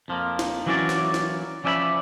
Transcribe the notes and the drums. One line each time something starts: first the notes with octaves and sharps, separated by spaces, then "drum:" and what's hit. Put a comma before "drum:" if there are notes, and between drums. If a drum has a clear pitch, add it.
F2 F3 A#3
drum: snare
E3 F#3 A#3 C#4 C#5 D5
drum: snare
drum: snare
F3 C#4 D5 E5 G5 B5